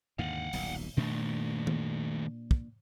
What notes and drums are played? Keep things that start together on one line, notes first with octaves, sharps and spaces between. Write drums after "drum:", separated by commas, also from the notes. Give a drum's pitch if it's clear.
D#2 G#2 D3 F5 F#5
D#1 B1 A#2, drum: open hi-hat
A#2 D#3 A3 D4
drum: tom D#3
drum: kick